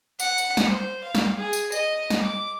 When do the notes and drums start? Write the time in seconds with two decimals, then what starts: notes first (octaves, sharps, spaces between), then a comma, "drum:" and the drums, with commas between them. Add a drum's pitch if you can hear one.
0.20 F#5, drum: tambourine
0.38 drum: tambourine
0.57 drum: snare
0.68 C5
1.04 F5
1.15 drum: snare
1.38 G#4
1.53 drum: tambourine
1.72 D#5, drum: tambourine
2.10 drum: snare
2.22 D6